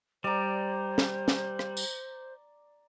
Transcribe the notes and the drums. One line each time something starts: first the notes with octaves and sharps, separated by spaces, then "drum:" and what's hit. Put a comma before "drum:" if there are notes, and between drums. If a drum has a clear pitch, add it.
G3 C5 D5 A#5
drum: snare
drum: snare
drum: rim click
drum: tambourine